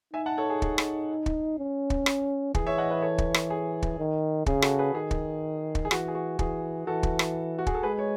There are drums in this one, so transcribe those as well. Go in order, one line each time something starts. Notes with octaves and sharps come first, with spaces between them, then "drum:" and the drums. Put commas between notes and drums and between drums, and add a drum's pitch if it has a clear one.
D#4 E5 G#5
F#5 A5
A4 C#5
G#4
G#4, drum: kick
drum: rim click
drum: kick
C#4
drum: kick
drum: rim click
E3 G#4, drum: kick
C#5 E5
D#5 F#5
B4 D#5
A4 C#5
drum: kick
drum: rim click
G#4
drum: kick
D#3
C#3 G#4, drum: kick
F#4 A4, drum: rim click
G#4 B4
D#3 G#4
drum: kick
drum: kick
G#4
E3 F#4, drum: rim click
G#4
F#4
E3 G#4, drum: kick
E3 F#4 A4
drum: kick
drum: rim click
F#4
G#4, drum: kick
A4
G#3 G#4 B4
C#5